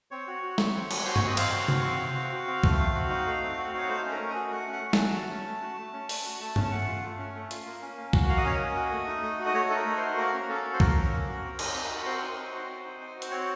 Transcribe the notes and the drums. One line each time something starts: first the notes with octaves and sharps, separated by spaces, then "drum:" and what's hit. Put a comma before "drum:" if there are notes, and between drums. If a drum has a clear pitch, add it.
C4 C#5
F#4
F#4
C4, drum: snare
C4
F#4, drum: cymbal
F#4 C5
C#5, drum: tom G2
C4 D#5
C4 F5, drum: cymbal
F#4
F#4, drum: tom C3
C4
C4
F#4
F#4
C4
A3, drum: kick C2
C4
F#4
D#4
A3
C4
F#4
D#4 C#5
A3 C5
C#4
A#4
A3
D#5
F#4
A3 F#5
C#4
F#5
A3
A5, drum: snare
F#4 F#5
A5
A3
C#4
A3
F#4
A3
C#4
A3, drum: open hi-hat
F#4
A3 A5
C#4, drum: tom G2
A5
A3 F#5
F4
A3
C#4
A3
F4, drum: hi-hat
A#3
C#4
A#3
F#4, drum: kick C2
A#3 F5
D#5
C#4 C#5
D#5
A#3
F#4
A3
D#4
A3
F#4
D#5
A3 C#5
D#4 A4
A#4
A3
C5
F#4
A#3 A#4
C#4
A#3 A4
F#4
C5
A#3 A#4, drum: kick C2
C#4
A#3
F#4
C4
D#4, drum: cymbal
C4
F#4
C4 C5
D#4
C4
F#4
C4
D#4
C4
F#4
C5, drum: hi-hat
C4 C#5